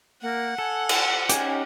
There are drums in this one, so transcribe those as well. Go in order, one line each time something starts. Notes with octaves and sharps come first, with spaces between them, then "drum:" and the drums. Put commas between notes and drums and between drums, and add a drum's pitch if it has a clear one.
A#3 F#5
A4 G#5
drum: cymbal
C#4 D#4 G4 G#5, drum: hi-hat